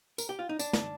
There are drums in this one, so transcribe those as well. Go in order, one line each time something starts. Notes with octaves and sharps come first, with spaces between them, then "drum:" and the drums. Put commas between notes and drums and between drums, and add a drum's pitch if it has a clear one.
A#4, drum: tambourine
G4
F4
D#4
D4, drum: tambourine
drum: snare